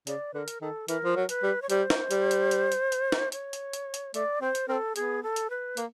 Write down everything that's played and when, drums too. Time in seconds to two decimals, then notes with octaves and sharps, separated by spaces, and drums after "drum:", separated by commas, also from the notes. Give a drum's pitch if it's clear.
0.07 C#3 D5, drum: hi-hat
0.34 D3 B4
0.38 A#4
0.48 drum: hi-hat
0.61 D#3 A4
0.88 E3 A#4, drum: hi-hat
1.04 F3
1.16 F#3
1.29 B4, drum: hi-hat
1.43 G3
1.62 C#5
1.70 G3 C5, drum: hi-hat
1.90 drum: snare
2.11 G3, drum: hi-hat
2.31 drum: hi-hat
2.51 drum: hi-hat
2.72 drum: hi-hat
2.92 drum: hi-hat
3.12 drum: snare
3.32 C#5, drum: hi-hat
3.53 drum: hi-hat
3.73 drum: hi-hat
3.94 drum: hi-hat
4.14 A3 D5, drum: hi-hat
4.41 C4 C5
4.55 drum: hi-hat
4.68 C4 A#4
4.72 A4
4.96 B3 G#4, drum: hi-hat
5.23 A4
5.36 drum: hi-hat
5.50 B4
5.77 A#3, drum: hi-hat